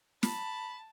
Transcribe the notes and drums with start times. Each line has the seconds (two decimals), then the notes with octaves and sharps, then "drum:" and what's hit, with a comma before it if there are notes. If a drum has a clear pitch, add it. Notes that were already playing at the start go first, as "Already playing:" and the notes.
0.23 A5 B5, drum: snare